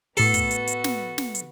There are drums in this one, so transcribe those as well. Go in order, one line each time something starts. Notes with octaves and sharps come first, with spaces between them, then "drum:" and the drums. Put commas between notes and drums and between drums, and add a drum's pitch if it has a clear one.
A2 B3 F#4 A4 B4 C7, drum: open hi-hat
drum: kick, hi-hat
drum: hi-hat
drum: hi-hat
drum: snare
drum: snare
drum: hi-hat